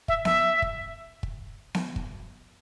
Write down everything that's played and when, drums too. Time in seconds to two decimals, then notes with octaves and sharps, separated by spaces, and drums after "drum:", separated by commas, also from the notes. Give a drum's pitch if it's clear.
0.08 E5, drum: kick
0.25 E5, drum: snare B3
0.62 drum: kick
1.23 drum: kick
1.74 drum: snare B3
1.96 drum: kick